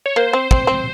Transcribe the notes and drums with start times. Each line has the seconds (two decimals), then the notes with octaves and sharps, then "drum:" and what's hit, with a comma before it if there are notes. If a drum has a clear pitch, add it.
0.06 C#5
0.16 A#3 C5
0.33 C4
0.51 C4, drum: kick
0.67 C4